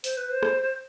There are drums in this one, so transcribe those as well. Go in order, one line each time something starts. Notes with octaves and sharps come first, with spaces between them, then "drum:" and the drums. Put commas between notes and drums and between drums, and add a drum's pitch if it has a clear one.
C5, drum: hi-hat
B4
C5
drum: rim click